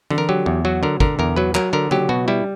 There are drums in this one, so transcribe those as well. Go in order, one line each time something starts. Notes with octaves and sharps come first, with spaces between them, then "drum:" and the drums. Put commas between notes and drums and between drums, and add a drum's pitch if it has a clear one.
D3, drum: tom E3
A#4
F#3 G4
E2
F#3 F#4
D3 A#4
D3 A#4, drum: kick
E2 A#4
F#3 B4
F#3 A#4, drum: clap
D3 A#4
F#3 G4, drum: tom C#3
B2 F#4
G3 E4